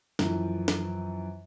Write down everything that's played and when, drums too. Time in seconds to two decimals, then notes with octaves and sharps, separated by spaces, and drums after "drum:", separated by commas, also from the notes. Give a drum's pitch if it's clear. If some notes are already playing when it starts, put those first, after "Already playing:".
0.19 F#2 E3 F3, drum: snare
0.68 drum: snare